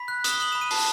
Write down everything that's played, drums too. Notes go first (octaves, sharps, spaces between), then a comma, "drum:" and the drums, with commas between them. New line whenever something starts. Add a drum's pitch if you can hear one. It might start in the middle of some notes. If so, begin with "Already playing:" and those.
Already playing: B5 B6
F#6
D#6, drum: hi-hat
G7
D#6 F#7
B5 E7
D#7
A5 C7, drum: open hi-hat